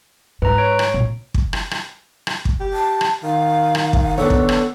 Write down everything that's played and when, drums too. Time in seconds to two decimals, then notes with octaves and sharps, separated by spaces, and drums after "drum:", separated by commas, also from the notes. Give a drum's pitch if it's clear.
0.42 G#2 B4 A#5
0.58 C#5 D7
0.79 drum: rim click
0.94 A#1
1.34 drum: kick
1.53 drum: rim click
1.71 drum: rim click
2.27 drum: rim click
2.45 drum: kick
2.60 G4
2.73 A5
3.01 drum: rim click
3.23 D#3 F5
3.75 drum: rim click
3.93 drum: kick
4.18 B3 D4 A4 C#5
4.30 drum: kick
4.49 drum: rim click